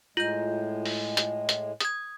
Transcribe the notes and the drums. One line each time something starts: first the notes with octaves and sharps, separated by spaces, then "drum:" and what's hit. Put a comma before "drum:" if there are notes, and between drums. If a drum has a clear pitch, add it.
A2 G#3 F4 G6
drum: open hi-hat
drum: hi-hat
drum: hi-hat
D#6 G#6, drum: hi-hat